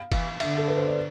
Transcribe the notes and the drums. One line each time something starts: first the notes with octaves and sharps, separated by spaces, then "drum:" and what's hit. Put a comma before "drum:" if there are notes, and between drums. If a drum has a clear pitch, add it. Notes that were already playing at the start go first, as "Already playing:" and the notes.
Already playing: F5
E3 F5, drum: kick F1, cymbal
D3 E5, drum: cymbal
A4
B4
C5
D5